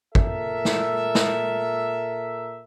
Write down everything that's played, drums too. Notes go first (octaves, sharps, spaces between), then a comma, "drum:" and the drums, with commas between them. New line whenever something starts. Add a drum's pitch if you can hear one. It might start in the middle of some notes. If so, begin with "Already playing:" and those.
A#2 A4 A#4 E5, drum: kick
drum: snare
drum: snare